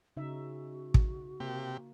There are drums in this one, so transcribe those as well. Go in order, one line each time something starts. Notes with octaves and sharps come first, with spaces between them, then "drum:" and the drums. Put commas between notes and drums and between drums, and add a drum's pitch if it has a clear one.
C#3 D#4 F#4 E5
drum: kick
C3 A#3 G4